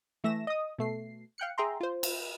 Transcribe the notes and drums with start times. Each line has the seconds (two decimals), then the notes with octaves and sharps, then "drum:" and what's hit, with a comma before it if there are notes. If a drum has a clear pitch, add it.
0.24 E3 A3 E5 A#6 E7
0.47 D#5 D#6
0.78 B2 A3 C7
1.38 F5 G5 F#6 C#7
1.58 G#4 E5 G5 A#5 C6
1.81 F4 C5
2.03 drum: cymbal